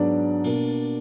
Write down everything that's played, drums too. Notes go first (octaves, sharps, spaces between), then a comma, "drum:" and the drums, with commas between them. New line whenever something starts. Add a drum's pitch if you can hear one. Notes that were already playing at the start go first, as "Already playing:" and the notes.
Already playing: G#2 F#3 B3 D4 D5
B2 A#3, drum: cymbal